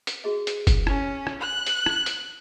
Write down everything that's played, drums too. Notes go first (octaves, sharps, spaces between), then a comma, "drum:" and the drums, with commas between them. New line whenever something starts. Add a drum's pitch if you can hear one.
drum: hi-hat
F#4 G#4 D#5
drum: hi-hat
drum: kick, hi-hat
C#4, drum: rim click
drum: rim click
F#6
drum: hi-hat
drum: rim click
drum: hi-hat